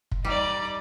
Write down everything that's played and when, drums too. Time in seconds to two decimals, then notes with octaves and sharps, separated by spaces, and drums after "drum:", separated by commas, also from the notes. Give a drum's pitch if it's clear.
0.11 drum: kick
0.25 G3 D#4 D5